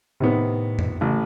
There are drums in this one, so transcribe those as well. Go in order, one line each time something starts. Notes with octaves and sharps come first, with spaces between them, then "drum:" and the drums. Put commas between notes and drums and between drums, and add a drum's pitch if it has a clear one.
A2 C3 D#3 B3
drum: tom F2
A1 C#3